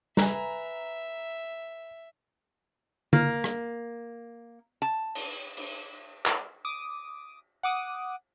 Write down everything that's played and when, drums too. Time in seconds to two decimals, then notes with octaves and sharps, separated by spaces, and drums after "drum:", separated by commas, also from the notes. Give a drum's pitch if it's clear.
0.17 B4 E5 G#5 A#5, drum: snare
3.13 A#3, drum: tom D3
3.44 drum: rim click
4.82 A5
5.15 drum: cymbal
5.57 drum: cymbal
6.26 drum: clap
6.65 D6 D#6
7.63 F#5 D6 D#6